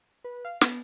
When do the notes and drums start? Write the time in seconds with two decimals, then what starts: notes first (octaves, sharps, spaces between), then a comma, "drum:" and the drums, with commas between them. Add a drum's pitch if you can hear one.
0.24 B4
0.45 F5
0.61 B3, drum: snare